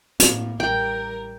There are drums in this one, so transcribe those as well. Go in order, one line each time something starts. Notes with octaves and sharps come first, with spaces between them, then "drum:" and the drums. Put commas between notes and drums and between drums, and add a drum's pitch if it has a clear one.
A2 A#3, drum: hi-hat
A1 G3 A#4 G5